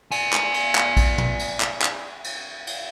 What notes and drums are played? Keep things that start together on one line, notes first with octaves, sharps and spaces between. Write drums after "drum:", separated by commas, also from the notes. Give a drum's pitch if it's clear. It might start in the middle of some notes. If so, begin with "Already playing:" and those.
D5 G#5, drum: cymbal
drum: clap
drum: cymbal
drum: clap
drum: kick A#1, cymbal
drum: tom
drum: cymbal
drum: clap
drum: clap
drum: cymbal
drum: cymbal